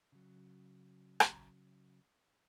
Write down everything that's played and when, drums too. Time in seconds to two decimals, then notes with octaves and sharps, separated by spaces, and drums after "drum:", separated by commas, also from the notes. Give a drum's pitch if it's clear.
0.12 C#3 F#3
1.20 drum: rim click